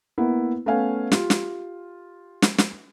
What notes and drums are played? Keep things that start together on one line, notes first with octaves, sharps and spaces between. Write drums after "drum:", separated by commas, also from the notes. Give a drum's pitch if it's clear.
A#3 B3 E4
A3 B3 C#4 B4 F5 G#5
F4 G4, drum: snare
drum: snare
drum: snare
drum: snare